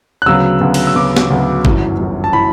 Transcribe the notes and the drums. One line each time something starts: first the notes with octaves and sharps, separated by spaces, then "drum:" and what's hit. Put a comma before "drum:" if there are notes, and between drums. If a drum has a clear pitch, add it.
F#6
D2 C#3 F#3 B3 E6
D2 C#3 F#3 B3
drum: cymbal
E6
D2 C#3 F#3 B3 D6
drum: snare
D2 C#3 F#3 B3
G1 F#2 E3, drum: kick
G1 F#2 E3
A5
E3 B5